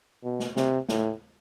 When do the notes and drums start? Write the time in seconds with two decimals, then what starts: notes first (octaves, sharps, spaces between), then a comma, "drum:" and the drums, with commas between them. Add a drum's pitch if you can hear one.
0.24 B2
0.40 drum: snare
0.56 C3, drum: snare
0.89 A2, drum: snare